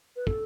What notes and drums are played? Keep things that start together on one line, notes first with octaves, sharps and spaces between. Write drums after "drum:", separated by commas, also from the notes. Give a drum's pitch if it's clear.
B4
A4, drum: kick